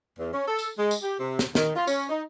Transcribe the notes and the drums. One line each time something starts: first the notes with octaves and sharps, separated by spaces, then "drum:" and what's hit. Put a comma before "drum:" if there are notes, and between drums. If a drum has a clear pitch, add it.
E2
C#4
A4
drum: tambourine
G#3
drum: tambourine
G4
C3
drum: snare
D#3, drum: snare
F4
C#4, drum: tambourine
D#4